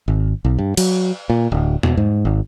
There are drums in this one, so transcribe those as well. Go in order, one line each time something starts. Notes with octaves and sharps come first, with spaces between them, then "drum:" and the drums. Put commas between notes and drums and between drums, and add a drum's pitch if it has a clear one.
G#1
B1
G2
F#3, drum: cymbal
A#2
D1
B2, drum: tom E2
G#2
G#1